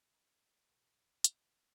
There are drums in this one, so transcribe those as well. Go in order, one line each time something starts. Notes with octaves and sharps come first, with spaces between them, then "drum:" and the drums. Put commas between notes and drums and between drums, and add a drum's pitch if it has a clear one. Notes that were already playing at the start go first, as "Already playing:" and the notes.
C#3 D#4 A#4
B1 E3 F#3 A3 G4
E4 D#5 F#5, drum: hi-hat